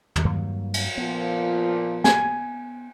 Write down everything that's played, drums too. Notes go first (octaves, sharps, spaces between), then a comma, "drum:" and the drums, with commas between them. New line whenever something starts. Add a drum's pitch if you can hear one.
drum: tom
G2 F#3 A#3
drum: cymbal
A#2 F3 B3
G#5, drum: snare